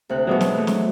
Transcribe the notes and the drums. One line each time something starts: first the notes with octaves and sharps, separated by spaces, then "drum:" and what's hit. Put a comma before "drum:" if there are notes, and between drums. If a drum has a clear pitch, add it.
D2 C3 F#6
B2 E3 F#3 G#3 B3 F#4
drum: snare
E3 A3
drum: snare